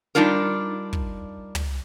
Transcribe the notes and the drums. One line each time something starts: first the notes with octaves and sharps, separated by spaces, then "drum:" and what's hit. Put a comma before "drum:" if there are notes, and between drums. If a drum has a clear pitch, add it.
G3 D4 D#4 F4 A#4
drum: kick
drum: tom